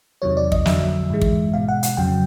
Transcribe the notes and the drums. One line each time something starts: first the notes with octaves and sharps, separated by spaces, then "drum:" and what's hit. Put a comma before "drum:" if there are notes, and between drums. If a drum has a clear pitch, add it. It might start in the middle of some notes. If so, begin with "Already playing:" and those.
E2 C3 D#3 F#3 C#5
D5
D#5, drum: kick
F2 D3 F#3 E5, drum: snare
G#2 E3 G#3
drum: kick
B2 G#3 F5
F#5
F#5, drum: hi-hat
F2 C#3 F#3 G5